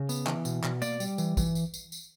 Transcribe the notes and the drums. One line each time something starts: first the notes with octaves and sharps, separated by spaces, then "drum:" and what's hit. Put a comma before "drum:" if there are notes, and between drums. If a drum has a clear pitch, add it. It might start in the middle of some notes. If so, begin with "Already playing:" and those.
Already playing: C#3
B3, drum: tambourine
E3, drum: clap
B2, drum: tambourine
B2, drum: clap
A#3 D5, drum: tambourine
G3, drum: tambourine
E3, drum: tambourine
E3, drum: kick, tambourine
drum: tambourine
drum: tambourine
drum: tambourine